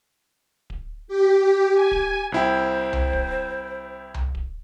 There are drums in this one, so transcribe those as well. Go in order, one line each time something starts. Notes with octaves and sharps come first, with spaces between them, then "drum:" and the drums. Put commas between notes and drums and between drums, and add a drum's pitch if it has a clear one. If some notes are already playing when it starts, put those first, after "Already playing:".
drum: kick D1
G4
G#5
drum: kick D1
C2 E4 C5 G5
drum: tom C2
drum: kick D1
drum: tom C2
drum: kick D1